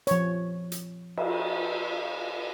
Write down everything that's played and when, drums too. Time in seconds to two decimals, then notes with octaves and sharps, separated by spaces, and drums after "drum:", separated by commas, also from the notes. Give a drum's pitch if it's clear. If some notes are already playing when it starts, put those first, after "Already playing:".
0.07 F3 C#5, drum: hi-hat
0.72 drum: hi-hat
1.17 drum: cymbal